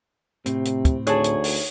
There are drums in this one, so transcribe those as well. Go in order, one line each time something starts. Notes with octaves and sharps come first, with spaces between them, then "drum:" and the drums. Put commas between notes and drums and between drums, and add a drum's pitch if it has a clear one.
A2 C3 C4, drum: hi-hat
drum: hi-hat
drum: kick, hi-hat
D2 D#4 G#4 C#5 A5 C#6, drum: hi-hat
drum: hi-hat
drum: open hi-hat